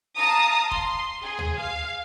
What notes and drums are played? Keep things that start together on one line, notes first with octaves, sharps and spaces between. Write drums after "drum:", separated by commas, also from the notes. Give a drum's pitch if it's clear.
F5 A5 A#5 D#6
C6, drum: kick
G#4
drum: tom
F5